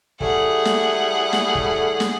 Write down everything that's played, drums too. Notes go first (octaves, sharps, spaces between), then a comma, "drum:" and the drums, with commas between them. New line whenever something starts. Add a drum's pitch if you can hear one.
A2 G3 A3 G#4 F#5, drum: kick
drum: snare
drum: snare
drum: kick
drum: snare